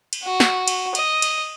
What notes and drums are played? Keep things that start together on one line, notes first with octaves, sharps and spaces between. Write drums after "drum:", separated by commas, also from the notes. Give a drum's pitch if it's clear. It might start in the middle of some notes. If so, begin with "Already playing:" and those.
drum: cymbal
F#4
drum: snare
drum: cymbal
D#5, drum: cymbal
drum: cymbal